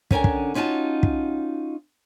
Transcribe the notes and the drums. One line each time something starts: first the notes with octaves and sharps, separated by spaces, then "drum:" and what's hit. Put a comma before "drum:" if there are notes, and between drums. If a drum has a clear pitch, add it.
D3 C#4 A#4 G5 G#5, drum: kick
drum: kick
C#4 D#4 F4 F#4 A5
drum: kick